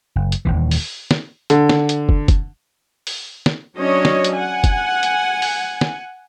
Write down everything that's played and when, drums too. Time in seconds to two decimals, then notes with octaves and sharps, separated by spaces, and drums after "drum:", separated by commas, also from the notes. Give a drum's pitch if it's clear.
0.16 F#1
0.32 drum: hi-hat
0.45 D#1 A#1 D#2 E3
0.71 drum: open hi-hat
1.11 drum: snare
1.50 D3, drum: hi-hat
1.69 drum: snare
1.89 drum: hi-hat
2.09 drum: kick
2.28 drum: kick, hi-hat
3.07 drum: open hi-hat
3.46 drum: snare
3.78 F#3 C#4 D4 C#5 D#5
4.05 drum: snare
4.24 drum: hi-hat
4.36 F#5 G#5
4.64 drum: kick, hi-hat
5.03 drum: hi-hat
5.42 drum: open hi-hat
5.81 drum: snare